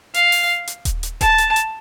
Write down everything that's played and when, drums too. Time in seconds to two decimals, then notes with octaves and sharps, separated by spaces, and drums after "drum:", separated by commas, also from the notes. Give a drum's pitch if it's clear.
0.14 F5, drum: hi-hat
0.32 drum: open hi-hat
0.67 drum: hi-hat
0.85 drum: kick D#1, hi-hat
1.03 drum: hi-hat
1.21 A5, drum: kick D#1, hi-hat
1.38 drum: hi-hat
1.56 drum: hi-hat